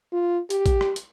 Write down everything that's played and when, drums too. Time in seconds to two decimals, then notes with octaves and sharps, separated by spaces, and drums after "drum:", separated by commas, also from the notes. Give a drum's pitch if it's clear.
0.13 F4
0.50 G4, drum: hi-hat
0.66 drum: kick, hi-hat
0.81 drum: rim click
0.96 drum: hi-hat